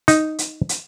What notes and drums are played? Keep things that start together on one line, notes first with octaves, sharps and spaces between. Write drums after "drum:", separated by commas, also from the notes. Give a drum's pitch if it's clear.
D#4, drum: hi-hat
drum: hi-hat
drum: hi-hat